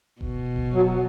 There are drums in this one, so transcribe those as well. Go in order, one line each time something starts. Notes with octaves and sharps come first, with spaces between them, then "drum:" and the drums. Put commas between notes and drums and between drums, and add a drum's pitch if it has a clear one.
B2, drum: kick E1
drum: kick E1
F#3